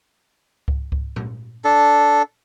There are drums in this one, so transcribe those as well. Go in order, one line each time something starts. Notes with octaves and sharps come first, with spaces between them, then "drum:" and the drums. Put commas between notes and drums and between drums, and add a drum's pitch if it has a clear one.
drum: kick C#2
drum: kick C#2
drum: tom A#2
D4 A4